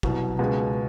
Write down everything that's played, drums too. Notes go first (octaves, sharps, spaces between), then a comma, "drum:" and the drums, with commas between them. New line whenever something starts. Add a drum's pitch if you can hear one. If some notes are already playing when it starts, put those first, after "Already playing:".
C2 B2 F#3, drum: kick
C#2 B2 G#3